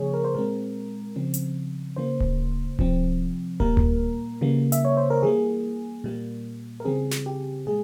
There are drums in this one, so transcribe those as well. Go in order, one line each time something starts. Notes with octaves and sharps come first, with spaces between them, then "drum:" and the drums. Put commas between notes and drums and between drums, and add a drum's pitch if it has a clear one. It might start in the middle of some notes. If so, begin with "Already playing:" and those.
Already playing: C#3 F3 A#3 G#4 C#5
A#4
C5
A#2 G#3 C4 A#4
C#3 F3 C4
drum: hi-hat
C#3 E3 A#3 C5
drum: kick D1
C3 F3 C4, drum: kick D1
A#2 G3 A#3 A#4, drum: kick D1
drum: tom D2
C#3 E3 G3 A#3
E5, drum: hi-hat
C#5
C5
A#4
E3 G3 A#3 G#4
A#2 G3 A#3
A#4
C#3 E3 G3 C4 G#4
drum: snare
G4
A#2 G#3 G#4